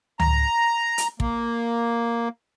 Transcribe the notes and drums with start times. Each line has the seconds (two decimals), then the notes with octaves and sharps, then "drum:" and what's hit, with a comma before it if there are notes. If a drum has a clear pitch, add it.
0.20 A#5, drum: tom C#2
0.98 drum: hi-hat
1.20 A#3, drum: kick